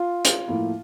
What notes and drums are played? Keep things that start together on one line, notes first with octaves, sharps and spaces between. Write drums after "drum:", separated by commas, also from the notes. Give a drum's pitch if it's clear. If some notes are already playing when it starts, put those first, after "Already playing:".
Already playing: F4
drum: hi-hat
A2 F3 A#3 E4